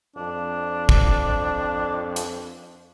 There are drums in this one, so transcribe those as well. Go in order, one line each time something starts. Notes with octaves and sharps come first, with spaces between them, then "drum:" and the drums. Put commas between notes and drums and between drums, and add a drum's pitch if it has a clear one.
F2 D4
drum: kick
drum: hi-hat